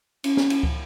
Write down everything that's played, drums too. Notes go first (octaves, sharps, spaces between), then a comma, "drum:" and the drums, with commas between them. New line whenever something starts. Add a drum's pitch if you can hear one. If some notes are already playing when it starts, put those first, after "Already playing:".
C#4, drum: cymbal
drum: snare
drum: cymbal
drum: kick